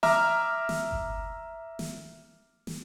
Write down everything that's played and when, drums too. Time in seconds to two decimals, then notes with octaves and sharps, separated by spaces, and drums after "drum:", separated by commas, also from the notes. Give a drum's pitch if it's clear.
0.03 E5 A#5 D6 F6, drum: snare
0.69 drum: snare
0.91 drum: kick G1
1.79 drum: snare
2.67 drum: snare